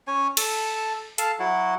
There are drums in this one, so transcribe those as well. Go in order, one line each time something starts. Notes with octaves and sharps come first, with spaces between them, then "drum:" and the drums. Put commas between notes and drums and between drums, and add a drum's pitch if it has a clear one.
C#4 C#5 G#5
A4 A5, drum: cymbal
A4 F5 A5, drum: hi-hat
F#3 E4 F#4